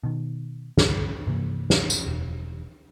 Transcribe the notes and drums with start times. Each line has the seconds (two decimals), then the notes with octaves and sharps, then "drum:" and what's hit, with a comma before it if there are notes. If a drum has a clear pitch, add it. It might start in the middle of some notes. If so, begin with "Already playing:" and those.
0.03 B2 D#3
0.78 C2 G2 D3, drum: snare
1.27 G2 C3 E3 A#3
1.70 drum: snare
1.90 drum: tambourine
2.06 E1